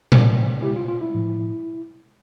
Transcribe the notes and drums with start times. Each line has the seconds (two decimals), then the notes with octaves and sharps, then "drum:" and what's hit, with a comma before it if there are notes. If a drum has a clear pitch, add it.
0.12 A2 F3, drum: tom A#2
0.62 E4 G4
0.76 F4
0.88 F4
1.01 E4
1.14 A2 F3